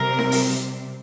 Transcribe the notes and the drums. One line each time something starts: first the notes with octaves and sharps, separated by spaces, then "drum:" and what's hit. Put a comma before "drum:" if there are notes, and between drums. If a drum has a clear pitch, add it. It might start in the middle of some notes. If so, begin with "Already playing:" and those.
Already playing: C3 G3 C4 A#4
drum: snare D#4
drum: open hi-hat